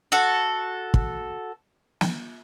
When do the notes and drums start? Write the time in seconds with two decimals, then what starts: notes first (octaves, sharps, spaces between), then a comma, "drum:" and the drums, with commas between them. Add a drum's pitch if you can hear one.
0.12 F#4 A4
0.94 drum: kick
2.01 drum: snare